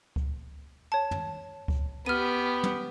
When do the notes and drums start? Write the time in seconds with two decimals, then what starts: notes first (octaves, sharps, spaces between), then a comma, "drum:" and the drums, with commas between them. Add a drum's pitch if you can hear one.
0.16 drum: kick C#2
0.92 C#5 A5
1.11 drum: tom
1.68 drum: kick C#2
2.06 B3 G4 F6 D#7
2.63 drum: tom